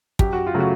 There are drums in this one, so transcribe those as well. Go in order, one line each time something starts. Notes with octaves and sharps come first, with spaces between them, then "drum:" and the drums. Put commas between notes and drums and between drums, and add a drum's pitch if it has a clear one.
F#2 G4, drum: kick
F#4
F4
C#3 F#3 A3
F#4